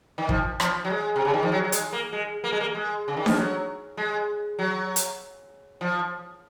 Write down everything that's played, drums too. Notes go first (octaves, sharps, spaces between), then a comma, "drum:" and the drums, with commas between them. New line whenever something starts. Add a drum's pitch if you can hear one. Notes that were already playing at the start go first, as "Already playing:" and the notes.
D#3
F3, drum: kick
F3, drum: rim click
F#3
G#3
C3
C#3
D#3
F3
F#3
F#3
G#3, drum: hi-hat
A#3
G#3
A#3
G#3
A#3
G#3
C#3
D#3
F3, drum: snare D4
F#3
G#3
F#3
drum: hi-hat
F3